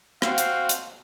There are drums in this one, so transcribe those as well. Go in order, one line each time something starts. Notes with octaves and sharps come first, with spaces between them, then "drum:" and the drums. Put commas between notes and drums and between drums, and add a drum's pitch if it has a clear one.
C4 F#4 F5, drum: rim click
drum: hi-hat
drum: hi-hat